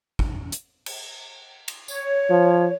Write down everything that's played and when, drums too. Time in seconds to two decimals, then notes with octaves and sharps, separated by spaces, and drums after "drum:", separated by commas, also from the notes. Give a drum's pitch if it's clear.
0.19 drum: kick G#1
0.52 drum: hi-hat
0.86 drum: cymbal
1.68 drum: cymbal
1.88 C#5, drum: tambourine
2.30 F3